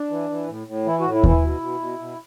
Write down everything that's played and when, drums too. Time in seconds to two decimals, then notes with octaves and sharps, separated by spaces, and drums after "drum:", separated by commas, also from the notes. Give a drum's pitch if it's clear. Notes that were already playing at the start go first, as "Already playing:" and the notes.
Already playing: D4
0.11 E3
0.30 E3
0.48 A2
0.67 A2
0.86 E3 E4
1.00 A2 F#4
1.14 E4
1.24 E3, drum: kick D#2
1.29 E4
1.42 B2
1.61 B2
1.80 B2
1.99 B2